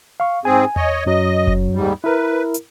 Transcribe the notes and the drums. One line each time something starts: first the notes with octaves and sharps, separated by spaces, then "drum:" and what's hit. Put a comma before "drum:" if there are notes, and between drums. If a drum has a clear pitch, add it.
F5 C#6
G#2 C4 G#4 G#5
C#5 D#5, drum: tom E2
F#2 F#3 D#5
drum: kick F#1
D#2 G#2 G3
E4 A#4 B4
drum: hi-hat